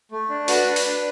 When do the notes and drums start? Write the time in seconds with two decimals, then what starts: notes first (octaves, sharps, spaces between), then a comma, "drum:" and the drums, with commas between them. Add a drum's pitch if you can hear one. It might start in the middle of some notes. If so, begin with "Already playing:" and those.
0.11 A3
0.29 D4
0.48 F#4 B4, drum: open hi-hat
0.67 D4
0.76 drum: open hi-hat
0.86 D4